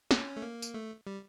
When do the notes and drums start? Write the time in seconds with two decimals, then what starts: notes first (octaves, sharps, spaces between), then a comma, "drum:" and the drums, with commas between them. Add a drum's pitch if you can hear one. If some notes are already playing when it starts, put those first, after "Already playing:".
0.11 C#4, drum: snare
0.36 A3
0.42 A#3
0.62 drum: tambourine
0.74 A3
1.07 G3